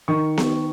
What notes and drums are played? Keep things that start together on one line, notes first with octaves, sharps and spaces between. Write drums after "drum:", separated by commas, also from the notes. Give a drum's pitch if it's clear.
D#3 C#6
drum: snare B3